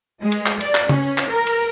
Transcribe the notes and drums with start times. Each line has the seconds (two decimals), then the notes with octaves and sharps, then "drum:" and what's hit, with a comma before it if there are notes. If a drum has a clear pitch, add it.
0.21 G#3
0.32 drum: cymbal
0.46 drum: clap
0.61 D5, drum: cymbal
0.75 drum: clap
0.89 C#4, drum: tom C#3
1.18 drum: clap
1.29 A#4
1.47 drum: cymbal